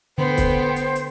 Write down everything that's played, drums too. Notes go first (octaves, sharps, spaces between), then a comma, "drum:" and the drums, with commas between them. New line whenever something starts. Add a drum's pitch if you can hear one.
D3 B3 C5 G5
drum: kick, hi-hat
drum: hi-hat
drum: hi-hat